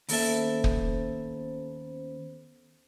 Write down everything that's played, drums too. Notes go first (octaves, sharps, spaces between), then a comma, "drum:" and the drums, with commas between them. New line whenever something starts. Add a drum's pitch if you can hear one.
D#2 B3 C#4 A4 C5 E5, drum: open hi-hat
drum: kick